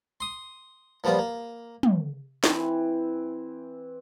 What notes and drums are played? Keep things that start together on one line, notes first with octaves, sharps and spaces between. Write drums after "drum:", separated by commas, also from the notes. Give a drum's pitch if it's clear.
C6 D#6
A#2 F3 G3 B3 F4
A#3
drum: tom
E3 C4, drum: snare